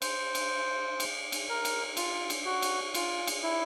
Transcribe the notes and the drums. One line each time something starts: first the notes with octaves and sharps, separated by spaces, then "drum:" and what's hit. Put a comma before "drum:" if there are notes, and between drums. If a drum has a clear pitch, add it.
C5, drum: cymbal
drum: cymbal
drum: cymbal
drum: cymbal
A#4
drum: cymbal
F4, drum: cymbal
drum: cymbal
F#4
drum: cymbal
F4, drum: cymbal
drum: cymbal
E4